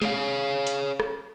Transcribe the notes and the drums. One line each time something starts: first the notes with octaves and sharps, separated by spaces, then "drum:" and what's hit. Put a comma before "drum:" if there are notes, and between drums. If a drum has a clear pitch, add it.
G#4 C#5 F5, drum: snare
drum: hi-hat
drum: rim click